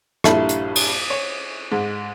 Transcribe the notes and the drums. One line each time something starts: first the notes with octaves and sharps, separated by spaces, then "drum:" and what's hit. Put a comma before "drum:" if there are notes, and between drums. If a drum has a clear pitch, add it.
A#1 G2 E4 A4, drum: rim click
drum: hi-hat
drum: cymbal
C#5
G#2